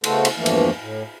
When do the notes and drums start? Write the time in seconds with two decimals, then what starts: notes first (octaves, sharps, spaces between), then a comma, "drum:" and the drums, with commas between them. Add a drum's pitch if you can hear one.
0.04 C#3 A3 B3 F#4 A4 C5, drum: cymbal
0.25 drum: cymbal
0.37 E2 G2 E3 F3 A3 A#3
0.46 drum: cymbal
0.80 A2